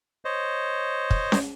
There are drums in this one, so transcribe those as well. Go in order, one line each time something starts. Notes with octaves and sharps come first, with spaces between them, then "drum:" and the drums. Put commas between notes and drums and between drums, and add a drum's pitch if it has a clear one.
C5 C#5 D#5
drum: kick
drum: snare C#4